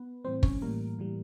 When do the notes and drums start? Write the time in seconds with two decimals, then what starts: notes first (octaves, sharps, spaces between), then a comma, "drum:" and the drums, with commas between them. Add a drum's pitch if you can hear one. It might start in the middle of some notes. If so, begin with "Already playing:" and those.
Already playing: B3 B4
0.25 A2 E3 G3 C4 C5
0.43 C#4 C#5, drum: kick
0.62 A2 E3 G3 A#3 A#4
0.99 A2 E3 G3